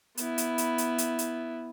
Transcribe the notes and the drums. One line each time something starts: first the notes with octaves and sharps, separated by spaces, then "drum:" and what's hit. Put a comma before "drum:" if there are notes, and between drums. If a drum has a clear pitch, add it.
B3 E4, drum: hi-hat
drum: hi-hat
drum: hi-hat
drum: hi-hat
drum: hi-hat
drum: hi-hat